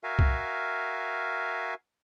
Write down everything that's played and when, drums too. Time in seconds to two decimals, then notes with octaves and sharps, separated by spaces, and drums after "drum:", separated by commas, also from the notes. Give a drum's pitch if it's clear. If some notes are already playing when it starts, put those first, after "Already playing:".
0.04 F#4 A#4 E5 F5 G#5
0.19 drum: kick C2